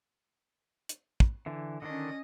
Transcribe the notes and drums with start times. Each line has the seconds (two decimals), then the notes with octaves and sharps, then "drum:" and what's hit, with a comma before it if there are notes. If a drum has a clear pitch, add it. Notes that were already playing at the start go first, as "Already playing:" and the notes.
0.89 drum: hi-hat
1.20 drum: kick
1.46 D3 E3
1.82 D3 D#3 C#4 D4 D#5